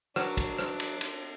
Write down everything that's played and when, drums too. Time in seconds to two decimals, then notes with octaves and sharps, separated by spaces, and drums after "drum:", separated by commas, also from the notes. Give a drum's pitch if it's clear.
0.16 F#3 D4 A#4, drum: rim click
0.37 drum: kick, cymbal
0.58 drum: rim click
0.80 drum: cymbal
1.01 drum: cymbal